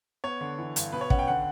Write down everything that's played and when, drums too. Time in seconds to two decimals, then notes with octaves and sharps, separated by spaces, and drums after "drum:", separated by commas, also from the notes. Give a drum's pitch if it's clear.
0.24 B3 C#5
0.41 D3
0.58 E3
0.76 G2, drum: hi-hat
0.92 B2 B4
1.01 C#5
1.10 C#4 F#5, drum: kick
1.19 G5
1.27 D3 F#5